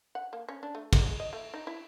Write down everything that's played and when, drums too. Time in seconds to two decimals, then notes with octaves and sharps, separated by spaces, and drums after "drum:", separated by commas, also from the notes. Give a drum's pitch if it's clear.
0.15 F#5
0.33 A#3
0.49 C#4
0.63 D4
0.75 A3
0.93 G#3, drum: kick, cymbal
1.06 G#3
1.20 D#5
1.33 A3
1.54 D#4
1.67 E4